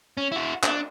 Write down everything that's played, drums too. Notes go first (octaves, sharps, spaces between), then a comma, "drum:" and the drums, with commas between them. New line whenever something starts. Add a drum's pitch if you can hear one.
C#4
E4 F#4
D4, drum: clap